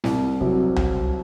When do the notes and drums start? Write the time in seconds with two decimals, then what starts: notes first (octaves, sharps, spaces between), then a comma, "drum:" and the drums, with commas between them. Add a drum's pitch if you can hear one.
0.04 C2, drum: snare
0.41 C3 F#3, drum: kick
0.76 drum: tom C2